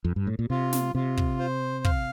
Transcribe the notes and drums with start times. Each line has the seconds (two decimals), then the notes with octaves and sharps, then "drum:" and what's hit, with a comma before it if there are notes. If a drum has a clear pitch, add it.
0.04 F2
0.16 G2
0.27 A2
0.39 A#2
0.50 C3 F4
0.73 drum: snare
0.95 C3 F4
1.18 drum: kick
1.40 C5
1.85 F5, drum: kick